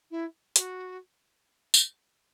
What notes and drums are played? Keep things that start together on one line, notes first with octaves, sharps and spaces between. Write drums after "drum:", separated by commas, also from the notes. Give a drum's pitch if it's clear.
E4
F#4, drum: hi-hat
drum: tambourine